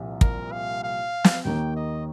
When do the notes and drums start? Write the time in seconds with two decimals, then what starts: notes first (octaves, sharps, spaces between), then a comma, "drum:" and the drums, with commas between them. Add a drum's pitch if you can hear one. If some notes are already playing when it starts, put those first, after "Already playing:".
Already playing: C2 A#2 F3
0.21 A#4, drum: kick
0.52 F5
0.83 F5
1.24 drum: snare
1.44 D#2 D#3 A#3 G5
1.76 D#5